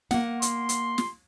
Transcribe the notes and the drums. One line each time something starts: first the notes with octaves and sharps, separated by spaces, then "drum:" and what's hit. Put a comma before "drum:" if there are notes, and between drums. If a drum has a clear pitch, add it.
A#3 F#5, drum: snare
C6, drum: hi-hat
drum: hi-hat
drum: snare